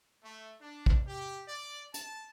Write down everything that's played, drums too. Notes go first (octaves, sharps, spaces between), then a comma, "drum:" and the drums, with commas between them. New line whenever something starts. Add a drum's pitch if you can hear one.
A3
D4
drum: kick
G4
D5
A5, drum: hi-hat